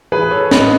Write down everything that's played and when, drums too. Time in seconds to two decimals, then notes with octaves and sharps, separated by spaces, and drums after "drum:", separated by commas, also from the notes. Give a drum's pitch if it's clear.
0.12 E3 G#4 B4
0.31 A4 C#5
0.51 A2 B4 D#5, drum: snare